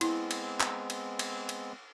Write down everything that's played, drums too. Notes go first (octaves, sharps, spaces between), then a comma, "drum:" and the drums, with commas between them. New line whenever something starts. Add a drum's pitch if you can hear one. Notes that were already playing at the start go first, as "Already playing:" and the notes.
G#3 B3 C4 E4, drum: cymbal
drum: cymbal
drum: clap
drum: cymbal
drum: cymbal
drum: cymbal